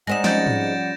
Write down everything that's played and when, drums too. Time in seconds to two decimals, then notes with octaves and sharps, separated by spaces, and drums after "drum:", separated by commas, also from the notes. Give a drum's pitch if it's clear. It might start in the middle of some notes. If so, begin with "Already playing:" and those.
0.07 G#3 C4 D#4 D5 F#5 A#6 E7
0.24 F3 G3 C#4 G6 A6 D7, drum: snare
0.46 drum: tom G#2